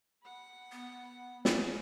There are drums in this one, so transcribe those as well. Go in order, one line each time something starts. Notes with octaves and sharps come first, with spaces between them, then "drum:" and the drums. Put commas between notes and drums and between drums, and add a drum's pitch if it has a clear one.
F#5 B5
B3
F5 G#5, drum: snare